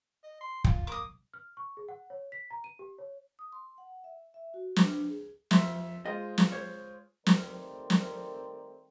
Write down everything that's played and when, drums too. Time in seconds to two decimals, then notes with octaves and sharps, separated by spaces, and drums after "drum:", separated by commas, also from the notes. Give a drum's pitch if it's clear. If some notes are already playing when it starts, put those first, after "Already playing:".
0.23 D#5
0.40 C6
0.64 F4, drum: kick
0.87 A#3 D6 D#6
1.33 F6
1.57 C#6
1.77 G#4
1.89 F#5
2.10 C#5
2.32 B6
2.50 A#5
2.64 D#7
2.79 G4
2.98 C#5
3.39 D#6
3.52 C6
3.78 F#5
4.04 E5
4.34 E5
4.54 F#4
4.76 D4, drum: snare
5.08 G#4
5.51 F2 E5 C6, drum: snare
6.06 G#3 F4 C5 D#5
6.38 drum: snare
6.52 C5 C#5
7.26 D#3 G3 A3 C4 A#4 D5, drum: snare
7.90 drum: snare